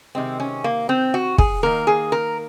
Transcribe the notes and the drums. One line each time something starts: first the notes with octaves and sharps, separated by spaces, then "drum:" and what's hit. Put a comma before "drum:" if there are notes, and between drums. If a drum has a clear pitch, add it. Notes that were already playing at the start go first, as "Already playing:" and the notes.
C3 D#3 G#3 C4
C#4
A#3
C4
F#4
G#4, drum: kick
D#3 A#3 A#4
G#4
A#4